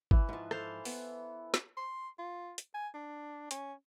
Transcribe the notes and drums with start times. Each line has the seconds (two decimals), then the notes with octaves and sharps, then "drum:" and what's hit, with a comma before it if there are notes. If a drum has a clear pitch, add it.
0.11 E3, drum: kick
0.29 G#2 F3
0.51 A4 C5 F5, drum: rim click
0.85 B3, drum: open hi-hat
1.54 drum: snare
1.77 C6
2.19 F4
2.58 drum: hi-hat
2.74 G#5
2.94 D4
3.51 C#4, drum: hi-hat